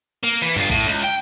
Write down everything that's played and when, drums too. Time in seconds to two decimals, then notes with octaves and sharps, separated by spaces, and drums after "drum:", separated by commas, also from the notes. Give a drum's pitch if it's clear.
0.23 A#3
0.42 E3
0.56 G2 F4, drum: tom F#2
0.70 A2, drum: kick
0.86 C#2
1.03 G5